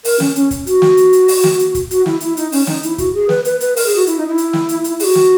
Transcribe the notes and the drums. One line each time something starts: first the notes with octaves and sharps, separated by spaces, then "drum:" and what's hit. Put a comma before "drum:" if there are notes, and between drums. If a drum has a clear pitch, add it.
A#4, drum: open hi-hat
C#4, drum: snare
C#4, drum: hi-hat
drum: kick, hi-hat
F#4, drum: hi-hat
drum: snare
drum: hi-hat
drum: hi-hat
drum: open hi-hat
drum: snare
drum: hi-hat
drum: kick, hi-hat
F#4, drum: hi-hat
E4, drum: snare
E4, drum: hi-hat
D#4, drum: hi-hat
C#4, drum: open hi-hat
D#4, drum: snare
E4, drum: hi-hat
F#4, drum: kick, hi-hat
G#4
B4, drum: snare
B4, drum: hi-hat
B4, drum: hi-hat
A#4, drum: open hi-hat
G#4
F#4
E4, drum: hi-hat
D#4
E4
drum: hi-hat
drum: snare
drum: hi-hat
drum: hi-hat
G#4, drum: open hi-hat
F#4
drum: snare